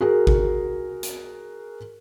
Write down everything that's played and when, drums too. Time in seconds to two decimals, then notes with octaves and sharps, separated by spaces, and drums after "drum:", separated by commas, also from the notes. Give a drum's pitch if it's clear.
0.01 F#4 G#4 A#4
0.27 drum: kick G#1
1.03 drum: hi-hat